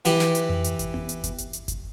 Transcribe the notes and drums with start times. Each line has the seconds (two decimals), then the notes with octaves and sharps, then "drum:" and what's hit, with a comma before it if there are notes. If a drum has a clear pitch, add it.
0.05 E3 E4 G4, drum: hi-hat
0.20 drum: snare
0.35 drum: hi-hat
0.49 drum: tom F2
0.64 drum: hi-hat
0.79 drum: kick F#1, hi-hat
0.94 drum: tom B3
1.09 drum: hi-hat
1.24 drum: kick F#1, hi-hat
1.38 drum: hi-hat
1.53 drum: hi-hat
1.68 drum: kick F#1, hi-hat